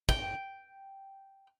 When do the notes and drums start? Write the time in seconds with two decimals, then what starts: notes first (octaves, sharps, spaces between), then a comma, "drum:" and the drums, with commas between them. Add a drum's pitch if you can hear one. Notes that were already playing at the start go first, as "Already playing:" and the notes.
0.09 G5, drum: kick